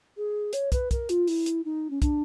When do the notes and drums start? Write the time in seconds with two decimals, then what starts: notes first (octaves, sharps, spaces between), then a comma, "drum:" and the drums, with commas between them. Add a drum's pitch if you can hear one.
0.17 G#4
0.53 C#5, drum: hi-hat
0.72 B4, drum: kick, hi-hat
0.91 A#4, drum: kick, hi-hat
1.09 F4, drum: hi-hat
1.27 E4, drum: open hi-hat
1.46 drum: hi-hat
1.65 D#4
1.90 C#4
2.02 D4, drum: kick, hi-hat